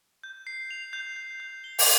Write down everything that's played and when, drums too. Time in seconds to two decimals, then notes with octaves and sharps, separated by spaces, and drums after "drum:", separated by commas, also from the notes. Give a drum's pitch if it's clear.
0.24 G6
0.47 C7
0.71 F7
0.93 G6
1.16 G6
1.40 G6
1.64 G7
1.79 drum: open hi-hat